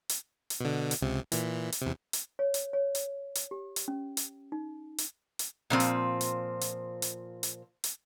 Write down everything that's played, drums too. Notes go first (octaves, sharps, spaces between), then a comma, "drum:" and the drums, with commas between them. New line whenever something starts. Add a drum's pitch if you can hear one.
drum: hi-hat
drum: hi-hat
B2 D3
drum: hi-hat
C#2 C3
A#2 E3, drum: hi-hat
drum: hi-hat
E2 C3
drum: hi-hat
C#5
drum: hi-hat
C#5
drum: hi-hat
drum: hi-hat
G4
drum: hi-hat
C#4
drum: hi-hat
D#4
drum: hi-hat
drum: hi-hat
A#2 F3 C4
drum: hi-hat
drum: hi-hat
drum: hi-hat
drum: hi-hat
drum: hi-hat
drum: hi-hat